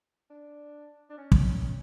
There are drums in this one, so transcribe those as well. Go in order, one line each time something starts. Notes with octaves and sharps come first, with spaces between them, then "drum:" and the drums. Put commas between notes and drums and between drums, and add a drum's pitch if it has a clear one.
D4
D4
C#4
drum: kick